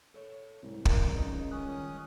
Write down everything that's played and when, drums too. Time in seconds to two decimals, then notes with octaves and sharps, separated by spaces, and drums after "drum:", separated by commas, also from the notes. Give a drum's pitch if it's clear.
0.14 A4 C#5
0.62 C2 G#2 C3
0.85 F#3 A#4 D5, drum: kick
1.15 C#2 D#4
1.51 D#3 G3 C#4 D#6 F#6